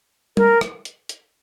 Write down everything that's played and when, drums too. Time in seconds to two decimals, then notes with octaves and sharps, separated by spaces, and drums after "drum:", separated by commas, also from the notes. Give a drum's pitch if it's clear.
0.37 A#4, drum: tom
0.61 drum: rim click
0.85 drum: hi-hat
1.09 drum: hi-hat